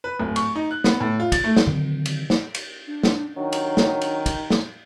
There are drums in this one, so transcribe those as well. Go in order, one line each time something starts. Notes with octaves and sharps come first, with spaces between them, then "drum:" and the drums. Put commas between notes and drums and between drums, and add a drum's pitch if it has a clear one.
B4
D1
C#6, drum: cymbal
D#4
F#6
B3, drum: snare
A2
F4
A6, drum: kick, cymbal
A3
drum: snare
D3 D#3 F#3 C4
drum: cymbal
drum: snare
drum: cymbal
D4
drum: snare
D#3 F#3 D4
drum: cymbal
drum: snare
drum: cymbal
drum: kick, cymbal
drum: snare